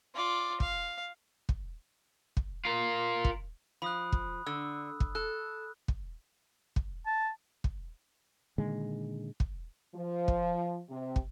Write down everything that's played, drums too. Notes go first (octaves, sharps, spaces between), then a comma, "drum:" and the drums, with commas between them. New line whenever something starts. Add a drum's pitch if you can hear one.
F4 D5
F5, drum: kick
drum: kick
drum: kick
F4 A#4
drum: kick
F3 B5 D#6 F#6
drum: kick
D3 E6
drum: kick
A4 F#6
drum: kick
drum: kick
A5
drum: kick
A#2 D3 D#3 G#3
drum: kick
F3
drum: kick
C3
drum: kick